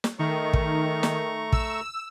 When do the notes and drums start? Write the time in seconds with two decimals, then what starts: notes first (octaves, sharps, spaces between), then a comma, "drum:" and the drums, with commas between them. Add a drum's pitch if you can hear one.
0.04 drum: snare
0.19 D#3 A3 A#5 C#6
0.53 drum: kick
1.03 drum: snare
1.52 E6, drum: kick